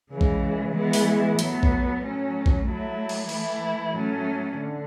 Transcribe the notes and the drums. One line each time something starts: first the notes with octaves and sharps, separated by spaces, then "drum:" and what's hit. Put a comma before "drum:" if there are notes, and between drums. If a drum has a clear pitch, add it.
C#3 E3 G#3
drum: kick A#1
E3 G#3 B3 E4
drum: open hi-hat
A2 F#3 B3, drum: hi-hat
drum: kick A#1
A2 F#3 C#4
drum: kick A#1
F#3 A3 E4
drum: cymbal
E3 A3 E4, drum: cymbal
A2 F#3 A3 C#4
D3